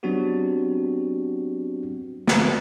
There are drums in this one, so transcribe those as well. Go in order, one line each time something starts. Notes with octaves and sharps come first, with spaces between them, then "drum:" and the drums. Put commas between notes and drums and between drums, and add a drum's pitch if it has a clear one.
F#3 B3 C4 D4 F#4 G4
drum: snare